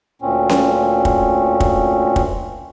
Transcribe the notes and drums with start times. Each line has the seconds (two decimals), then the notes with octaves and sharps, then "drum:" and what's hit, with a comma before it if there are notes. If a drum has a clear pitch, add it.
0.22 D2 A#2 C4 C#4
0.49 drum: snare C#4
1.05 drum: kick
1.60 drum: kick
2.16 drum: kick